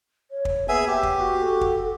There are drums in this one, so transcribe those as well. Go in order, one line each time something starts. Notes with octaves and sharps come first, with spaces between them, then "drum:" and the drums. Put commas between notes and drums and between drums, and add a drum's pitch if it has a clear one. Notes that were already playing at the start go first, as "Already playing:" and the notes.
C#5
drum: kick
A#3 B3 G#4 E5 G#5
G4
drum: kick
F#4
A4
drum: kick